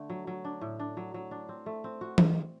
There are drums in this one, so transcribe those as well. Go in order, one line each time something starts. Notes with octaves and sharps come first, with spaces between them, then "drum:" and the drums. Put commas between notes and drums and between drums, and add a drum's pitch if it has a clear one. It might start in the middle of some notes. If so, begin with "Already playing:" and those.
Already playing: D3 A3
F#3
F#3
D4
A2
D4
F#3
F#3
D4
C4
A3
C4
F#4
drum: tom E3